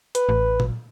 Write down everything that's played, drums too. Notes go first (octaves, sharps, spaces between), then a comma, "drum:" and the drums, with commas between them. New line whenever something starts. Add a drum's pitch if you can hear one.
B4, drum: hi-hat
A1
drum: tom A#2